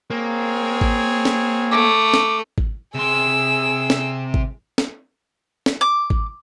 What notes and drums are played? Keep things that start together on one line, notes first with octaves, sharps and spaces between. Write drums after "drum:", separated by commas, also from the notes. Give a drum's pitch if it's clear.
A#3 C4 G#4 C#5
drum: kick G#1
drum: snare
A3 D6
drum: snare
drum: kick G#1
C3 G#4 C6 E6
drum: snare
drum: kick G#1
drum: snare
drum: snare
D6
drum: kick G#1